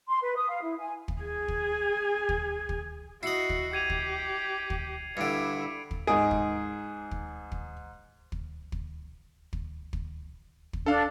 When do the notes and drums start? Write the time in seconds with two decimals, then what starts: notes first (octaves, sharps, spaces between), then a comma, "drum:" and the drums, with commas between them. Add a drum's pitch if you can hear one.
0.07 C6
0.22 B4
0.36 D#6
0.48 F5
0.61 E4
0.78 G#5
1.08 drum: kick
1.22 G#4 G#5
1.48 drum: kick
2.29 drum: kick
2.69 drum: kick
3.23 E4 F#4 D#5 C7 C#7 F#7
3.49 drum: kick
3.73 G4 G#6 D#7 F7
3.90 drum: kick
4.70 drum: kick
5.17 G2 D3 E4 C#7 D7
5.91 drum: kick
6.07 G#2 D#4 G#4 D7
6.31 drum: kick
7.11 drum: kick
7.52 drum: kick
8.32 drum: kick
8.72 drum: kick
9.53 drum: kick
9.93 drum: kick
10.73 drum: kick
10.86 D4 A4 F5